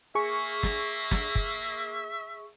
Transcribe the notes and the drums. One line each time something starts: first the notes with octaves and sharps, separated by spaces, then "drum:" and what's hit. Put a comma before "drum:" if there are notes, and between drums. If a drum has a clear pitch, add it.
A#3 G#4 E5 C#6
drum: snare
drum: snare
drum: kick